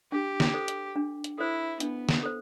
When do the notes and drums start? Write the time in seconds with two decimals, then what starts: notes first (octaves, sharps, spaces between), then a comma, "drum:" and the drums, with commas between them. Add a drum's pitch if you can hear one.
0.12 D4 G4
0.40 drum: snare
0.54 A4 C5
0.68 drum: hi-hat
0.96 D4
1.24 drum: hi-hat
1.38 E4 A4 C5
1.80 B3 D4, drum: hi-hat
2.09 drum: snare
2.23 A4 C5